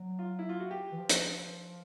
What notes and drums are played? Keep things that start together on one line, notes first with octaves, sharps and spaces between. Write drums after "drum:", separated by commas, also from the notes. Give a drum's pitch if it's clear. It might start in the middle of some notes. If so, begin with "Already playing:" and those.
Already playing: F#3
F4
E4
F4
F#4
G4
E3
F3
drum: hi-hat